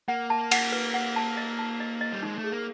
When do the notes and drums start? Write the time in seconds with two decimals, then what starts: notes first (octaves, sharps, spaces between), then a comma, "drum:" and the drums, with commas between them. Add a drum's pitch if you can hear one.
0.08 A#3 F#5
0.30 A5
0.51 F#5, drum: cymbal
0.72 B4
0.94 F#5
1.16 A5
1.37 D#5
1.59 A5
1.80 D#5
2.01 D#5
2.12 G3
2.22 G#3 D#4
2.38 A3
2.44 G#4
2.52 A#3